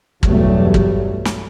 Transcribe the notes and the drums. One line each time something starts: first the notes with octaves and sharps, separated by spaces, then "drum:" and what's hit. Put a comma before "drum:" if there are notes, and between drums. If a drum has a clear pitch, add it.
B1 E2 G2 F#3 G3 A3, drum: kick
drum: kick
drum: snare